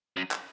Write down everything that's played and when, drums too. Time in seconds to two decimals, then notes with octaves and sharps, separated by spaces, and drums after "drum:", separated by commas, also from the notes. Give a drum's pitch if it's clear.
0.17 F#2
0.31 drum: clap